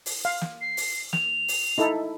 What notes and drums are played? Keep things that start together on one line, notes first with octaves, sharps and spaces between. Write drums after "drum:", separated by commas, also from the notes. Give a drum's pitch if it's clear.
drum: open hi-hat
F5
drum: snare
C7
drum: open hi-hat
F7, drum: snare
drum: open hi-hat
D#4 E4 A4